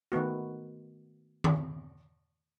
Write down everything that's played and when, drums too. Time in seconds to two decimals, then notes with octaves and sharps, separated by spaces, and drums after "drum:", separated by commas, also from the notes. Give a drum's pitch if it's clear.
0.12 D#3 A3 B3 F#4
1.44 drum: tom D#3